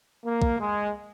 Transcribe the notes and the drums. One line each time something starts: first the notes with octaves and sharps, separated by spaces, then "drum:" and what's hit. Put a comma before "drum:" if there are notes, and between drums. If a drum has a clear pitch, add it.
A#3
drum: kick
G#3